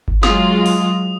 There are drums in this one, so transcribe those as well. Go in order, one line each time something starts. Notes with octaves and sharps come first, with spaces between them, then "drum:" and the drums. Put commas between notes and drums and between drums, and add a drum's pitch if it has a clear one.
drum: kick G1
F#3 G#3 F4 D#6, drum: snare
drum: open hi-hat